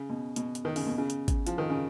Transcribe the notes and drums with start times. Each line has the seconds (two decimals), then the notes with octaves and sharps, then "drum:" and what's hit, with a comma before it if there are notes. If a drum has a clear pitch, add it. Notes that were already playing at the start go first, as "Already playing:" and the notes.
Already playing: C#3
0.10 B2
0.36 B2, drum: hi-hat
0.55 drum: hi-hat
0.65 D#3
0.76 C#3, drum: open hi-hat
0.86 B2
0.98 C#3
1.10 drum: hi-hat
1.28 drum: kick G#1, hi-hat
1.47 F3, drum: hi-hat
1.58 D#3
1.70 C#3